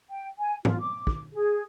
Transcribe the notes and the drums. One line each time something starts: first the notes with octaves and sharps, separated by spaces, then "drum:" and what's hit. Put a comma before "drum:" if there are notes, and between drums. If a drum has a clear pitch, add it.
G5
G#5
F4, drum: tom G#2
D6
drum: kick
G#4